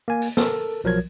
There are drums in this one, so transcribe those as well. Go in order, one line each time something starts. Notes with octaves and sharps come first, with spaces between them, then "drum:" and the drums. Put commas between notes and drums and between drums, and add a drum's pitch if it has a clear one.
A#3 G#5
drum: open hi-hat
A4 A#4, drum: snare
B1 F3 F#3 A#4 G#6